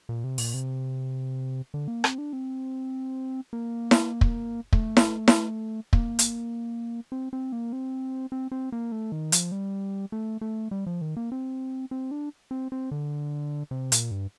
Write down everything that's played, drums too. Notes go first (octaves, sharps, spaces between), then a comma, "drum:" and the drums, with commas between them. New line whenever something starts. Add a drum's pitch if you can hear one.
A#2
C3
A#2, drum: open hi-hat
C3
D3
A#3
C4, drum: rim click
D4
C4
A#3
drum: snare E4
drum: kick
A3, drum: kick
drum: snare E4
drum: snare E4
A#3, drum: kick
drum: hi-hat
C4
C4
A#3
C4
C4
C4
A#3
A3
D#3
F3, drum: hi-hat
G3
A3
A3
G3
F3
D#3
A#3
C4
C4
D4
C4
C4
D3
C3
A#2, drum: hi-hat
G2